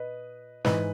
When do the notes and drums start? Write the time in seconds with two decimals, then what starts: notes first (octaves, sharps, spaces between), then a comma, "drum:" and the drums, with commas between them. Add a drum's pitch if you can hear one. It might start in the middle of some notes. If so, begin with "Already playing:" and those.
Already playing: A#2 B4 D#5
0.65 G#2 E3 B4 D#5, drum: snare